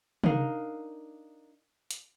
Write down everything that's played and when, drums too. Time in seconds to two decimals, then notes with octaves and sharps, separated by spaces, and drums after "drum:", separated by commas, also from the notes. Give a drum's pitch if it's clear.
0.24 D4 D#4 A#4 F5, drum: tom
1.91 drum: hi-hat